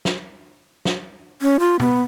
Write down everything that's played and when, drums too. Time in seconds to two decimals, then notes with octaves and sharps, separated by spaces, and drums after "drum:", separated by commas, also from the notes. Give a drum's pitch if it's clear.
0.05 drum: snare
0.85 drum: snare
1.42 C#4
1.60 F4
1.80 B3, drum: tom